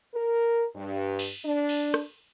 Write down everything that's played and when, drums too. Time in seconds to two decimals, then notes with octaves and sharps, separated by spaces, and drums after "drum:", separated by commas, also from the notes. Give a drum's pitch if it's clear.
0.14 A#4
0.75 G2
1.19 drum: cymbal
1.44 D4
1.69 drum: cymbal
1.94 drum: rim click